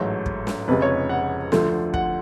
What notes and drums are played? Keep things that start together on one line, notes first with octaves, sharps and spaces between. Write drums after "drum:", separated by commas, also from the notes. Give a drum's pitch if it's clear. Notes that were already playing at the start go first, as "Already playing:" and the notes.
Already playing: A1 G#2 F#3 A3 A4
drum: kick
drum: snare
F1 F2 C#3 G#3 B4
C#5
F#5
D2 D3 F3 A3, drum: snare
F#5, drum: kick